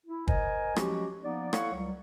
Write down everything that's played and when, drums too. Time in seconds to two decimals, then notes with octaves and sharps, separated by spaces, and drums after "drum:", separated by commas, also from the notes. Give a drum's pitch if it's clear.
0.06 E4
0.28 A#4 C5 D#5 G#5, drum: kick
0.76 F3 F#3 G#3 C#4 F#4 G4, drum: rim click
1.23 F3 A#3 B3 D#4 D5
1.53 E4 A4 C#5 F5 F#5 C#6, drum: rim click
1.73 C#2 F#3 G3